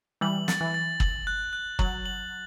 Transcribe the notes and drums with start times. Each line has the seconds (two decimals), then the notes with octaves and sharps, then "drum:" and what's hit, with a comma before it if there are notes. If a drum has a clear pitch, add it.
0.21 E3 G3 F#7
0.48 A6, drum: snare
0.61 E3
0.74 A6
1.00 F#7, drum: kick
1.27 F#6
1.53 F#6
1.79 F#3 F#7, drum: kick
2.06 F#7